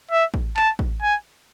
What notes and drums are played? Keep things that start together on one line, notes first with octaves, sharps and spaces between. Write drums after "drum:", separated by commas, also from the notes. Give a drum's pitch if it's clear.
E5
drum: kick A1
A5, drum: clap
drum: kick A1
G#5